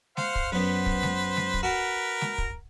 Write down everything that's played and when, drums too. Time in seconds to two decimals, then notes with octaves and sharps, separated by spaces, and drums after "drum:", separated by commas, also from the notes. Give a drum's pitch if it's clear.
0.17 C5 F5 F#5, drum: snare G#3
0.35 drum: kick
0.52 F#2 B3 B4 C5
0.86 drum: kick
1.03 drum: snare G#3
1.37 drum: snare G#3
1.54 drum: kick
1.63 F#4 A#4 B4
2.21 drum: snare G#3
2.38 drum: kick